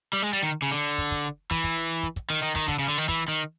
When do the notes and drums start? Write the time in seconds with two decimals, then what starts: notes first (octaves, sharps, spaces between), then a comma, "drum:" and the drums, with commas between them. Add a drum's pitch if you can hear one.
0.13 G3
0.22 G#3
0.33 G3
0.43 D#3
0.62 C#3
0.72 D3, drum: hi-hat
0.98 drum: kick, hi-hat
1.11 drum: kick, hi-hat
1.25 drum: hi-hat
1.51 E3, drum: kick, hi-hat
1.64 drum: kick, hi-hat
1.77 drum: hi-hat
2.03 drum: kick, hi-hat
2.16 drum: kick, hi-hat
2.30 D#3
2.43 D#3
2.56 D#3, drum: kick, hi-hat
2.68 D3, drum: kick, hi-hat
2.79 C#3, drum: hi-hat
2.88 D3
2.98 D#3
3.09 E3, drum: kick, hi-hat
3.28 D#3